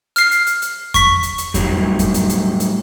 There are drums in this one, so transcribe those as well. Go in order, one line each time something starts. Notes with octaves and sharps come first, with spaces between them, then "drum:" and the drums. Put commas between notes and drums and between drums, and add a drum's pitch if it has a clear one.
F6 C7, drum: hi-hat
drum: hi-hat
drum: hi-hat
drum: hi-hat
C#6 B6, drum: kick F2, hi-hat
drum: hi-hat
drum: hi-hat
A2 F#3 G3, drum: kick F2, hi-hat
drum: kick F2, hi-hat
drum: hi-hat
drum: hi-hat
drum: hi-hat